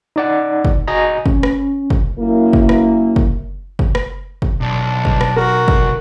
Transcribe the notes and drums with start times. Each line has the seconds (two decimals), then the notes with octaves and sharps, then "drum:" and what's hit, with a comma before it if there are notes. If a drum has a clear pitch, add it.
0.16 D#4 D5 F#5
0.65 drum: kick
0.88 F#4 D#5 G#5 A#5
1.26 C#4, drum: kick
1.43 drum: rim click
1.90 drum: kick
2.18 F#2 A#3 E4
2.53 drum: kick
2.69 drum: rim click
3.16 drum: kick
3.79 drum: kick
3.95 drum: rim click
4.42 drum: kick
4.61 B1 D4
5.05 drum: kick
5.21 drum: rim click
5.36 F#4 A#4
5.68 drum: kick